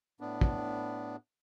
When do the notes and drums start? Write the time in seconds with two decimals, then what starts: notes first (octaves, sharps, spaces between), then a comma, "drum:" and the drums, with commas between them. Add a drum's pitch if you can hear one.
0.20 A2 B3 D4
0.41 drum: kick